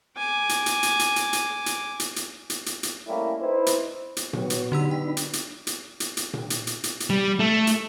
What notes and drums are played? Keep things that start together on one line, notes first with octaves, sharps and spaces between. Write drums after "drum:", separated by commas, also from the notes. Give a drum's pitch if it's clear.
G#5 D6
drum: hi-hat
drum: hi-hat
drum: hi-hat
drum: hi-hat
drum: hi-hat
drum: hi-hat
drum: hi-hat
drum: hi-hat
drum: hi-hat
drum: hi-hat
drum: hi-hat
drum: hi-hat
G3 A3 A#3 C#4 E4
D#4 E4 B4 C5
drum: hi-hat
drum: hi-hat
F#3 B3 C#5, drum: tom A#2
drum: hi-hat
D3 D4 D#4 G4 B5 E6
G5
drum: hi-hat
drum: hi-hat
drum: hi-hat
drum: hi-hat
drum: hi-hat
drum: tom A#2
drum: hi-hat
drum: hi-hat
drum: hi-hat
drum: hi-hat
G3
A3
drum: hi-hat